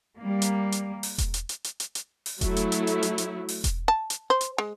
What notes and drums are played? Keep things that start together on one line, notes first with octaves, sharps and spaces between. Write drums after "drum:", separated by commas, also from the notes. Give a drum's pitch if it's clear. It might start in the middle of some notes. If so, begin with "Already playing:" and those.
G3 A#3
drum: hi-hat
drum: hi-hat
drum: open hi-hat
drum: kick E1, hi-hat
drum: hi-hat
drum: hi-hat
drum: hi-hat
drum: hi-hat
drum: hi-hat
drum: open hi-hat
F#3 A3 E4, drum: kick E1, hi-hat
drum: hi-hat
drum: hi-hat
drum: hi-hat
drum: hi-hat
drum: hi-hat
drum: open hi-hat
drum: kick E1, hi-hat
A5
drum: hi-hat
C5
drum: hi-hat
G#3